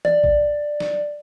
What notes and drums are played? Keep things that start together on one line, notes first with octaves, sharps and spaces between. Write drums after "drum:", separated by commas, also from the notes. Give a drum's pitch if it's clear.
D5, drum: tom E3
drum: kick
drum: snare